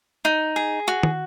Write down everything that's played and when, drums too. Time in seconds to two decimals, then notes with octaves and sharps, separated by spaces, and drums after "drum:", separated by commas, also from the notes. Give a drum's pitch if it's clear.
0.25 D#4
0.56 G#4
0.88 F#4
1.03 drum: tom